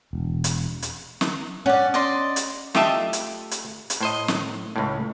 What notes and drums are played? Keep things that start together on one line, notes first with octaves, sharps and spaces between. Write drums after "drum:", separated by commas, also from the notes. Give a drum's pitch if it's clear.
E1
drum: hi-hat
drum: hi-hat
drum: snare
C#4 D5 F#5
D5 D#5 C6
drum: hi-hat
A3 F4 G4 D#5 E5 A5, drum: snare
drum: hi-hat
drum: hi-hat
drum: hi-hat
A2 C5 D#5
drum: snare
C#2 A2